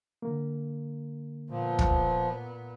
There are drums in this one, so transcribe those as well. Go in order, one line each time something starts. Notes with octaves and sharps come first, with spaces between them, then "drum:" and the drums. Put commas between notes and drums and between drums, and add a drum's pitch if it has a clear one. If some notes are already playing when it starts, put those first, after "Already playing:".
D3 A#3
A#2 F3 B3
drum: kick